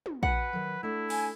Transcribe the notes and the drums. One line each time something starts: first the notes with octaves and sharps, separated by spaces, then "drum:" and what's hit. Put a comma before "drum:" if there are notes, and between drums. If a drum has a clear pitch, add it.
drum: tom
F#4 B4 F#5 G#5, drum: kick A#1
D#3 F#3
A3 D4 E4
G#5, drum: open hi-hat